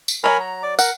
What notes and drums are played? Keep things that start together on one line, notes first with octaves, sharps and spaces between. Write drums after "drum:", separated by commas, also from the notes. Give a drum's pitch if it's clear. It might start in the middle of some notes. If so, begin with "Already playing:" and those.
drum: tambourine
F#3 A3 A#4 C#5 G#5 B5
A#5
D5 D6
A#4 F#5, drum: tambourine